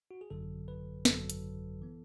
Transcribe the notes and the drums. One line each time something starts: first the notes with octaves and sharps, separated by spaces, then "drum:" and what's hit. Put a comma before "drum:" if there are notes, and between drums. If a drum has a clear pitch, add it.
F#4
G#4
G#1 F#2 D3 F#3 A4
B4
G#1 F#2 D3 F#3 A4, drum: snare
drum: hi-hat
E3 B3